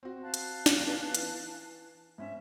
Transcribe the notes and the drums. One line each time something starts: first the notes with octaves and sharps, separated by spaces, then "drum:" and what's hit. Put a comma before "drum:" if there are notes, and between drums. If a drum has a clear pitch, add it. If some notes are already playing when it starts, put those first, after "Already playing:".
C4 F#4
F5 A5 F#6
drum: hi-hat
drum: snare
B3 C#4
E3, drum: hi-hat
G#2 C#4 E5